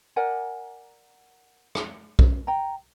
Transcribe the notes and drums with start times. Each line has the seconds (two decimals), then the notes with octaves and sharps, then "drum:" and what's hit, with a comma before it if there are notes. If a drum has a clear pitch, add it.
0.16 A#4 D5 F#5 G#5
1.75 drum: rim click
2.19 C#4, drum: kick B1
2.47 G5 A#5